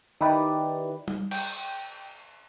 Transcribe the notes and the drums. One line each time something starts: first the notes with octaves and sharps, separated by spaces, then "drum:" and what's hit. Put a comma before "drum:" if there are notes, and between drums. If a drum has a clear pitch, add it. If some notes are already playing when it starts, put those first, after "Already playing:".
D#3 D#4 E4 G4 B4 D5
drum: tom G3
G5, drum: cymbal